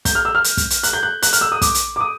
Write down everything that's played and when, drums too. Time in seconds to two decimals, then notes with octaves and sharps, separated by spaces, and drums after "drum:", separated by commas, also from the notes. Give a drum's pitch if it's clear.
0.05 G6, drum: kick, hi-hat
0.15 F6
0.25 E6
0.35 F6
0.44 drum: hi-hat
0.57 drum: kick, hi-hat
0.70 drum: hi-hat
0.83 F#6, drum: hi-hat
0.93 G6
1.03 F#6
1.22 F#6, drum: hi-hat
1.33 F6, drum: hi-hat
1.41 E6
1.52 D#6
1.62 D6, drum: kick, hi-hat
1.74 drum: hi-hat
1.96 D6
2.01 D#6